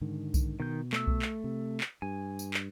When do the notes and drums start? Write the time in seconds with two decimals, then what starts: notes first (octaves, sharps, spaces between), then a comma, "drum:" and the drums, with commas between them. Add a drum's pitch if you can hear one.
0.01 G#2 D3 D#3
0.34 drum: kick B1, tambourine
0.60 B2 D#3 G6
0.93 A3 E6, drum: clap
1.07 drum: kick B1
1.22 drum: clap
1.44 C3
1.80 drum: clap
2.02 G2 G#5
2.39 drum: tambourine
2.54 drum: clap